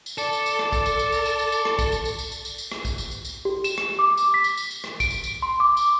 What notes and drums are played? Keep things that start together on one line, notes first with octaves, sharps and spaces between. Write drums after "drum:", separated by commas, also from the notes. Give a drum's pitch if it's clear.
drum: tambourine
A4 D5, drum: tambourine
drum: tambourine
drum: tambourine
drum: rim click
drum: kick, tambourine
drum: tambourine
drum: tambourine
drum: tambourine
drum: tambourine
drum: tambourine
drum: tambourine
drum: rim click
drum: kick, tambourine
drum: tambourine
drum: tambourine
drum: tambourine
drum: tambourine
drum: tambourine
drum: tambourine
drum: rim click
drum: kick, tambourine
drum: tambourine
drum: tambourine
drum: tambourine
G4
E7, drum: tambourine
drum: rim click
D6
drum: tambourine
B6
drum: tambourine
drum: tambourine
drum: tambourine
drum: rim click
D7, drum: kick, tambourine
drum: tambourine
drum: tambourine
C6
D6
drum: tambourine